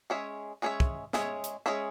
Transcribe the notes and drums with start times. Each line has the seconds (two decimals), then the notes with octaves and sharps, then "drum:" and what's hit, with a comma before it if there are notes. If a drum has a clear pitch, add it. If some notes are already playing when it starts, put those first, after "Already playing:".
0.10 G#3 C#4 G#4 C#5 E5
0.62 G#3 C#4 G#4 C#5 E5
0.80 drum: kick
1.13 G#3 C#4 G#4 C#5 E5, drum: snare
1.44 drum: hi-hat
1.66 G#3 C#4 G#4 C#5 E5